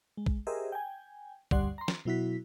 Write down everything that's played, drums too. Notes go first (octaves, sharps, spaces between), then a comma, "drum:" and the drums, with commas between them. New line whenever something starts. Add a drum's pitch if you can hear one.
G#3
drum: kick
G4 G#4 A#4 C5 D#5 E5
G5 G#5
D2 G2 G3 D5 F#5 C6, drum: kick
A#5 C6
drum: snare
B2 F#3 E4 F#4 B6